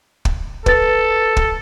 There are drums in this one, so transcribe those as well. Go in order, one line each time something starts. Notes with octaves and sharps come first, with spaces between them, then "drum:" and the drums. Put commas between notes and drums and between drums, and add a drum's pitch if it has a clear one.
drum: kick
A4 B4 A6, drum: kick
drum: kick